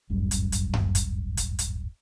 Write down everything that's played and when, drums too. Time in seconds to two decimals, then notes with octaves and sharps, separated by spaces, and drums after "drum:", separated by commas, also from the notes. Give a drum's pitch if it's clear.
0.10 D1 G1 F#2 G3
0.31 drum: hi-hat
0.52 drum: hi-hat
0.74 drum: tom F#2
0.95 drum: kick, hi-hat
1.37 drum: kick, hi-hat
1.59 drum: hi-hat